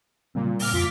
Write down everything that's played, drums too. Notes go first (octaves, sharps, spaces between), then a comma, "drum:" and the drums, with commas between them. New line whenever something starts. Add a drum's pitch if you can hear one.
A#2 C#3 G3 C4
D6 F6, drum: open hi-hat
F2 F4 D6 B6